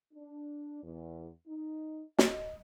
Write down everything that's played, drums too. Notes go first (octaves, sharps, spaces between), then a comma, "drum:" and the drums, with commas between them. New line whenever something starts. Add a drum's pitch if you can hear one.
D4
E2
D#4
D#5, drum: snare